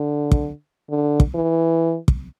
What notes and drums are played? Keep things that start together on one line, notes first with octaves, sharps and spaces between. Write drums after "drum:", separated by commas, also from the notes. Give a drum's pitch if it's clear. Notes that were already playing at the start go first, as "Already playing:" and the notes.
Already playing: D3
drum: kick
D3
drum: kick
E3
drum: kick